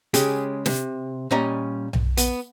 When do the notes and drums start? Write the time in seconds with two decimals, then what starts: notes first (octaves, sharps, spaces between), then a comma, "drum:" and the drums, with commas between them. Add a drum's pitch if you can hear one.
0.14 C#3 G#3 C#4 G4 G#4, drum: hi-hat
0.66 C3, drum: snare
1.31 A#2 G3 C#4 D#5 A#5
1.93 drum: tom B1
2.17 B3, drum: hi-hat